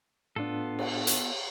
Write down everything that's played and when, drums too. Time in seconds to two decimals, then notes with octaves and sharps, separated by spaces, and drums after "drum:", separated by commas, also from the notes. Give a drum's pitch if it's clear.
0.36 A2 B3 D4 F4 A4
0.79 drum: cymbal
1.07 drum: hi-hat